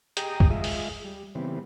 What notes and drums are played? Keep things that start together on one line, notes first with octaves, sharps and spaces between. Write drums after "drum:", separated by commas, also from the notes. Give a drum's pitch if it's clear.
G4 G#4 D#5 G5 A#5 D#6, drum: hi-hat
drum: kick
G#3 F4 G#4 D#5 E5
drum: open hi-hat
G3
C#3 E3 G3 B3 C4